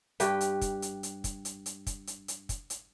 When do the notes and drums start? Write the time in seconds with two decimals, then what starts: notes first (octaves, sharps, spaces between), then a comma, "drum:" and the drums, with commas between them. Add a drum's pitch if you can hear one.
0.20 G2 G4 B4, drum: hi-hat
0.41 drum: hi-hat
0.61 drum: kick, hi-hat
0.82 drum: hi-hat
1.03 drum: hi-hat
1.24 drum: kick, hi-hat
1.45 drum: hi-hat
1.66 drum: hi-hat
1.87 drum: kick, hi-hat
2.07 drum: hi-hat
2.28 drum: hi-hat
2.49 drum: kick, hi-hat
2.70 drum: hi-hat